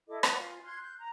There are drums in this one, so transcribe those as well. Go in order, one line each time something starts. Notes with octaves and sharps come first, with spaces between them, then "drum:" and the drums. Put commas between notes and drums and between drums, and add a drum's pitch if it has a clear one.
E4 A4 D#5 D6
B4 D5 F#5 A5, drum: rim click
F4 G#5
C6 F6 F#6 G#6
F#6 G6
A#5